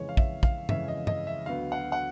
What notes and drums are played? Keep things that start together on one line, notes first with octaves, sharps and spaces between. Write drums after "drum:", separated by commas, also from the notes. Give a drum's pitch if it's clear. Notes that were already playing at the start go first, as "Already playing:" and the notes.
Already playing: F2 C#3 E3 G#3 C#5
F5
E5, drum: kick
F5, drum: kick
F2 C#3 E3 G#3 E5, drum: tom
D#5
D#5, drum: tom
E5
D2 D3 F#3 B3 F5
F#5
F#5